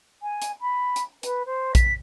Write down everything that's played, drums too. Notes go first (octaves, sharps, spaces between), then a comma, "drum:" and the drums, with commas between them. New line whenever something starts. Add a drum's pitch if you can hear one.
G#5
drum: hi-hat
B5
drum: hi-hat
B4, drum: hi-hat
C5
B6, drum: kick A#1, hi-hat